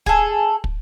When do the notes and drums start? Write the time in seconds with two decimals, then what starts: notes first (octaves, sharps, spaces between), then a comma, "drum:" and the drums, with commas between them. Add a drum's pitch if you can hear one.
0.06 G#4 A4, drum: kick
0.64 drum: kick